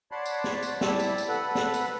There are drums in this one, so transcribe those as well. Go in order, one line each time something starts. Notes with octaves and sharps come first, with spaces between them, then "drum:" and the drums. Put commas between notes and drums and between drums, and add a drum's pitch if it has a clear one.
C#5 D5 F#5 A5 B5 C6
drum: tambourine
drum: snare
drum: tambourine
G3 E4 D5 E5 A5, drum: snare
drum: tambourine
drum: tambourine
A4 B4 F#5 B5
drum: snare
drum: tambourine